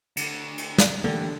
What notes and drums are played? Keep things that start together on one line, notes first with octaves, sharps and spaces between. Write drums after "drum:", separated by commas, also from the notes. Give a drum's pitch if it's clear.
D3 A3, drum: cymbal
drum: cymbal
drum: snare
D3 E3 A3 A#3 D4 G4